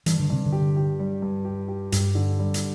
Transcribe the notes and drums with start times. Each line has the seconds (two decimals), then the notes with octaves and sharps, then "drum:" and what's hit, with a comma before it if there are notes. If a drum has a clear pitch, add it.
0.06 G2 E3, drum: hi-hat
0.20 D3
0.30 G2 C3
0.46 D3
0.52 G4
0.76 G4
0.99 G3
1.22 G2
1.45 G4
1.68 G4
1.92 G2 G4, drum: hi-hat
2.15 D3
2.39 G3
2.54 drum: hi-hat